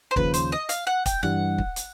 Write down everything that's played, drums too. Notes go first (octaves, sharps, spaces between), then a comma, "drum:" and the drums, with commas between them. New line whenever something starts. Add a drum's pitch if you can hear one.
C5
D#2 C#3 F3 B4, drum: kick
C5, drum: hi-hat
D#5
F5, drum: hi-hat
F#5
G5, drum: kick, hi-hat
G2 E3 G3 F#5
drum: kick
drum: hi-hat